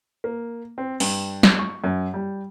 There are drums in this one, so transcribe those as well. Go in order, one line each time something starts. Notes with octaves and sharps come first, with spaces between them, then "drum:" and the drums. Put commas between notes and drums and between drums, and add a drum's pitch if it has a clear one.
A#3
C4
G2, drum: open hi-hat
drum: snare
C#6
F#2
G3